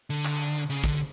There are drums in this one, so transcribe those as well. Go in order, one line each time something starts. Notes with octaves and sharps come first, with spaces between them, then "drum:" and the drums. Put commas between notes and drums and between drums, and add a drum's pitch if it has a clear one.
D3
drum: clap
C#3
D3, drum: kick